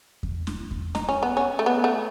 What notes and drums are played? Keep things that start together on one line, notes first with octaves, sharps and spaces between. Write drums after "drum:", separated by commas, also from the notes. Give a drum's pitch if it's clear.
drum: kick E2
drum: snare
drum: kick E2
D#4, drum: snare
C#4
B3
C#4
A3
B3
A3